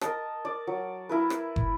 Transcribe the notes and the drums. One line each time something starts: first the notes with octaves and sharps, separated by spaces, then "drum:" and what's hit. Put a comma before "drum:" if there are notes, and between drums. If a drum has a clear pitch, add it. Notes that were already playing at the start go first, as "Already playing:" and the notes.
A#4 D#5 A5, drum: rim click
D5
F#3
E4 A#4 B4
drum: rim click
drum: kick